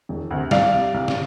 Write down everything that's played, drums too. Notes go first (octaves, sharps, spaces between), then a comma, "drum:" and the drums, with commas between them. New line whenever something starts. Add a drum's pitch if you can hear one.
E1
D2 C3
C2 D5 F5, drum: snare
C3 G3
C2
drum: snare